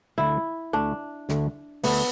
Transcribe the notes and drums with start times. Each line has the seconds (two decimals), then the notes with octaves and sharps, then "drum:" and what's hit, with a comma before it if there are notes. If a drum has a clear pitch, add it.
0.18 D2 D3 A3 E4
0.73 D2 D3 A3 D4
1.29 D2 D3 A3, drum: snare
1.83 D2 D3 A3 B3, drum: open hi-hat